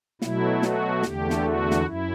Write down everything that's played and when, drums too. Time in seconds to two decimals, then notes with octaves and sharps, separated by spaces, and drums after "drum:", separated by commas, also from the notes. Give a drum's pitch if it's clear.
0.22 B2 F#3 A3 E4, drum: snare
0.62 F#4, drum: snare
1.03 E2 D3 A3 G4, drum: snare
1.30 drum: snare
1.44 F#4
1.71 drum: snare
1.85 F#2 E4